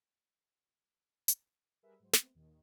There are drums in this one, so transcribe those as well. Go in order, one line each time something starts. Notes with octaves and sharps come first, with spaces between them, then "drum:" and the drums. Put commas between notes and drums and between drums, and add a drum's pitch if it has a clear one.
drum: hi-hat
G3 G#4 A#4 B4 E5
G#2 F#3 C5
A3 B3 C4, drum: snare
D#2 A#2 D#3